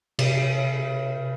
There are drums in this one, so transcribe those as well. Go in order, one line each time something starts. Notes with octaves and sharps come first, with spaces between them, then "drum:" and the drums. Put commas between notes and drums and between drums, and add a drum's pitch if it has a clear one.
C3, drum: cymbal